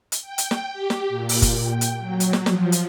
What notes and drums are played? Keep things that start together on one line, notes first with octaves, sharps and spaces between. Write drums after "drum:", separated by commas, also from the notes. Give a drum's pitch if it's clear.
drum: hi-hat
G5
drum: hi-hat
drum: snare
G4
drum: snare
A#2
drum: open hi-hat
drum: kick, hi-hat
G5
drum: hi-hat
F#3
drum: hi-hat
drum: snare
F3, drum: snare
drum: hi-hat